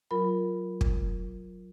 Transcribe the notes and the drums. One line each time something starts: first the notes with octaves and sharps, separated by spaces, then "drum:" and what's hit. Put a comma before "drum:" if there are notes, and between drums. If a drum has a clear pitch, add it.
F#3 F4 A#4 B5
drum: kick